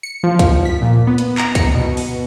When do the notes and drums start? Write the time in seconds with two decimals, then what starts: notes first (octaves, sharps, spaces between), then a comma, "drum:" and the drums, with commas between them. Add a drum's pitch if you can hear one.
0.03 C#7
0.23 F3
0.39 drum: kick, hi-hat
0.65 B6
0.82 A#2
1.07 B3
1.18 drum: hi-hat
1.38 A#5, drum: clap
1.55 C#7, drum: kick, hi-hat
1.74 B2
1.97 drum: open hi-hat